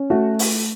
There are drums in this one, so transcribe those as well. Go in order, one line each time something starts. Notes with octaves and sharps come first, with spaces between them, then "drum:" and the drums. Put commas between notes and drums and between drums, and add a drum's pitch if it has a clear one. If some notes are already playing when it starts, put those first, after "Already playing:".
Already playing: C#4
A3 F#4
drum: open hi-hat